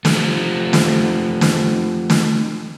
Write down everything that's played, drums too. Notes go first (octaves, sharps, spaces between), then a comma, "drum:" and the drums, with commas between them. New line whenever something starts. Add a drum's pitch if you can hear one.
F3 A3, drum: snare
drum: snare
drum: snare
drum: snare